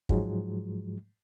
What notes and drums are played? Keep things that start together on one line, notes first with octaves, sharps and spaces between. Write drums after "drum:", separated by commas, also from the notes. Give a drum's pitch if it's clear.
G#2 F3 F#3 G#3, drum: kick